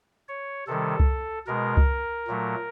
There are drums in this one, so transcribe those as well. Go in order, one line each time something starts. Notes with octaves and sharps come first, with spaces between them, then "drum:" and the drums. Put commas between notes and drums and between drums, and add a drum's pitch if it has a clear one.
C#5
C3 D#3 G3 A4
drum: kick C2
B2 G#3 A#4
drum: kick C2
A#2 F#3 A3